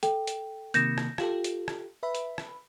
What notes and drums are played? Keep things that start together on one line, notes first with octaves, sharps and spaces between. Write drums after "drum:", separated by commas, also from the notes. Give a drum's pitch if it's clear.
A4 G5, drum: hi-hat
drum: hi-hat
C3 D#3 A#3 G6 A#6 E7, drum: hi-hat
drum: rim click
F4 G4 A4, drum: rim click
drum: hi-hat
drum: rim click
B4 E5 B5
drum: hi-hat
drum: rim click